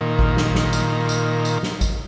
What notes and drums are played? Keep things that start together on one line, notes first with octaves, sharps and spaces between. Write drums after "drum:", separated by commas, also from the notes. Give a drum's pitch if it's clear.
A#2 D#3
drum: kick G#1
drum: snare
drum: snare
drum: tambourine
drum: tambourine
drum: tambourine
drum: snare
drum: kick G#1, tambourine